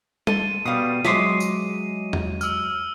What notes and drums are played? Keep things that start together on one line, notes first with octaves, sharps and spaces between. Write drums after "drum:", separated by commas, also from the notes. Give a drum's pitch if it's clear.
A4 C6 D#7, drum: tom G3
B2 G3 F5 D#6
F#3 G#3 E5 C6 D6 D#6, drum: snare
drum: tambourine
drum: tom E2
E6 F6, drum: tambourine